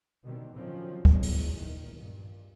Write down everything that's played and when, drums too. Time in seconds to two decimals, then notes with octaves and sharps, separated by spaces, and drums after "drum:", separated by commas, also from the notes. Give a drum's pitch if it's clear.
0.23 B2 D3 D#3 G3 C4
0.56 D3 D#3 F3 F#3 C4 C#4
1.05 G1 E2 B2 F#3 G#3, drum: kick
1.23 drum: open hi-hat
1.54 A#1 E2 A#2 D#3
1.92 G2 A#2